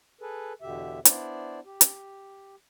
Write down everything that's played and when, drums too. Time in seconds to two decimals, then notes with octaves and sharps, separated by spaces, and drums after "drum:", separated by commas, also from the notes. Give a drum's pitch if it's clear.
0.21 G#4 A4 B4
0.62 E2 B2 D3 G4 E5
1.05 B3 D4 E4 C5 D5, drum: hi-hat
1.65 G4
1.81 drum: hi-hat